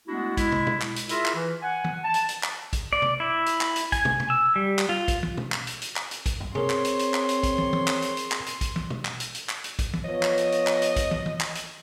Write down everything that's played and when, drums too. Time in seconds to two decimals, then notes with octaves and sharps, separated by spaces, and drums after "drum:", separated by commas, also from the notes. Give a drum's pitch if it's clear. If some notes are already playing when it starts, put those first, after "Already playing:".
0.08 G#3 A3 B3 D4 E4 F#4
0.37 G#3 E4, drum: kick, hi-hat
0.52 drum: tom
0.67 drum: tom
0.82 drum: clap
0.96 drum: hi-hat
1.09 E4 F4 G#4 A#4 E5, drum: hi-hat
1.26 drum: clap
1.35 E3
1.62 F#5 G#5
1.84 drum: tom
2.04 A5
2.14 drum: hi-hat
2.29 drum: hi-hat
2.43 drum: clap
2.73 drum: kick, hi-hat
2.93 D5
3.02 drum: tom
3.20 E4
3.46 drum: hi-hat
3.61 drum: clap
3.76 drum: hi-hat
3.92 G#5, drum: kick, hi-hat
4.05 drum: tom
4.20 drum: tom
4.30 E6
4.56 G3
4.79 drum: clap
4.89 F4
5.08 drum: kick, hi-hat
5.23 drum: tom
5.37 drum: tom
5.52 drum: clap
5.67 drum: hi-hat
5.82 drum: hi-hat
5.96 drum: clap
6.11 drum: hi-hat
6.26 drum: kick, hi-hat
6.40 drum: tom
6.55 C4 G#4 A#4 C#5 C6, drum: tom
6.70 drum: clap
6.85 drum: hi-hat
6.99 drum: hi-hat
7.14 drum: clap
7.29 drum: hi-hat
7.43 drum: kick, hi-hat
7.58 drum: tom
7.73 drum: tom
7.88 drum: clap
8.02 drum: hi-hat
8.17 drum: hi-hat
8.32 drum: clap
8.46 drum: hi-hat
8.61 drum: kick, hi-hat
8.76 drum: tom
8.90 drum: tom
9.05 drum: clap
9.20 drum: hi-hat
9.35 drum: hi-hat
9.49 drum: clap
9.64 drum: hi-hat
9.79 drum: kick, hi-hat
9.93 drum: tom
10.05 F3 B3 C#5 D#5
10.23 drum: clap
10.38 drum: hi-hat
10.52 drum: hi-hat
10.67 drum: clap
10.82 drum: hi-hat
10.96 drum: kick, hi-hat
11.11 drum: tom
11.26 drum: tom
11.41 drum: clap
11.55 drum: hi-hat